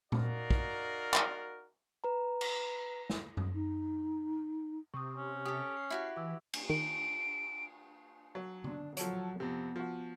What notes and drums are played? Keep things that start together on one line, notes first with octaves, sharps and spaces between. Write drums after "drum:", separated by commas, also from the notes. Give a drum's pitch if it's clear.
D#4 F#4 A#4 D5 F5, drum: tom A#2
drum: kick
drum: clap
B4 A#5
drum: cymbal
drum: snare
drum: tom F#2
D#4
C3 C#6 D#6
C#4
G4 A4 D#6
C7
E4 F#4 G4
E3 D6 E6
drum: cymbal
D#3 D7
F#3
D4, drum: tom D3
F3 F#3 A4 C#5, drum: hi-hat
F2 C3 B3
F3 F#4